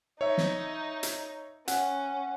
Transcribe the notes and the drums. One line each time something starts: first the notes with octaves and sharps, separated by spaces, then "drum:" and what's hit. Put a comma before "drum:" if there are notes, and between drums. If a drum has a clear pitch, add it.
D#4 C#5 E5
drum: snare
drum: hi-hat
C#4 F#5, drum: hi-hat